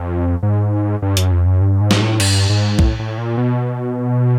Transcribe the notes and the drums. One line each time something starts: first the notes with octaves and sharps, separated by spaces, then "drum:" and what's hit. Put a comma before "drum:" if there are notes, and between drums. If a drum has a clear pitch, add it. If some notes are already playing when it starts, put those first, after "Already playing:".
Already playing: F2
G#2
G2
F#2, drum: hi-hat
F2
F#2
G2
G#2
drum: snare
A2
G2, drum: cymbal
G#2
A2, drum: kick B1
A2
A#2
B2